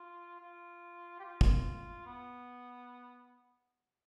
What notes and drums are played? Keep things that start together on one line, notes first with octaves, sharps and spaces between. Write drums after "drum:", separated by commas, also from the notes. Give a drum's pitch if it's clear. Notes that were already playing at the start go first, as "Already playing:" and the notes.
Already playing: F4
F4
G4
F4
drum: kick
B3